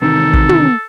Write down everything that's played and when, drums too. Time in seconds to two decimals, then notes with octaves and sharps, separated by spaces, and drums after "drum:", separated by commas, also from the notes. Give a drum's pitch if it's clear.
0.02 E2 C3 D#3 A4
0.33 drum: kick
0.49 drum: tom